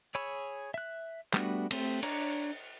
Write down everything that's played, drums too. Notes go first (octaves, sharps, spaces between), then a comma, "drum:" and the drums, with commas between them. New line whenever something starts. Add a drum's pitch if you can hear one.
G#4 C#5 B5 C#6 E6
E5 F#6
G3 A3 B3 D4 F#4, drum: clap
A3 C4 G4, drum: cymbal
D4 C#5 A#5, drum: cymbal